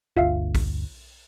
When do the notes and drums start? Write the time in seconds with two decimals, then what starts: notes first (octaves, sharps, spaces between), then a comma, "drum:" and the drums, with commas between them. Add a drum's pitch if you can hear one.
0.17 G1 D2 F4 E5 F5
0.55 drum: kick A#1, open hi-hat